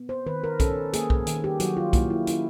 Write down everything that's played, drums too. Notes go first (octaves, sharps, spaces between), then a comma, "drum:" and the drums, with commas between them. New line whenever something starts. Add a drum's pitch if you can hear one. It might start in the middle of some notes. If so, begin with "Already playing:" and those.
Already playing: B3
C5
D#3 B4
A#4
C#4 A4, drum: kick B1, hi-hat
A#3 G#4, drum: hi-hat
drum: kick B1
D#3, drum: hi-hat
G4
F#3 F#4, drum: hi-hat
F4
A#3 E4, drum: kick B1, hi-hat
E4
C#4 E4, drum: hi-hat